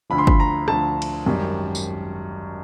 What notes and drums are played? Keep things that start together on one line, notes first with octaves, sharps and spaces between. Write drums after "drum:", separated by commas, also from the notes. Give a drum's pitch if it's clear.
D2 D3 F3 B5
C6
B5, drum: kick G1
A#5
D2 D3 F3 A5, drum: rim click
drum: cymbal
G#1 F#2 D#3 G3
drum: tambourine